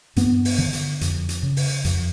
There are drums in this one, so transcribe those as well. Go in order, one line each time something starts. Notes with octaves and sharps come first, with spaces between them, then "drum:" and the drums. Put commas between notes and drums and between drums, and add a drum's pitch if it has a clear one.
G2 B3, drum: hi-hat
drum: open hi-hat
D3
drum: hi-hat
F2, drum: hi-hat
drum: hi-hat
C#3
drum: open hi-hat
F2, drum: hi-hat